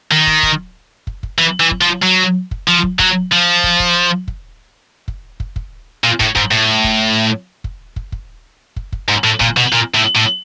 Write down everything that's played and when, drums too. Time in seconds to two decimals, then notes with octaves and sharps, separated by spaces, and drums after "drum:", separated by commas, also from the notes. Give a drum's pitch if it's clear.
0.11 D#3
0.27 drum: kick
0.43 drum: kick
1.07 drum: kick
1.23 drum: kick
1.39 E3
1.60 E3
1.71 drum: kick
1.82 F3
2.03 F#3
2.51 drum: kick
2.68 F3
2.83 drum: kick
2.99 F#3, drum: kick
3.32 F3
3.63 drum: kick
3.79 drum: kick
4.28 drum: kick
5.08 drum: kick
5.40 drum: kick
5.56 drum: kick
6.04 A#2
6.20 A2, drum: kick
6.36 G#2, drum: kick
6.51 A2
6.84 drum: kick
7.64 drum: kick
7.96 drum: kick
8.12 drum: kick
8.76 drum: kick
8.92 drum: kick
9.08 G#2
9.24 A2
9.40 A#2, drum: kick
9.57 B2
9.73 A#2
9.94 A2
10.16 A2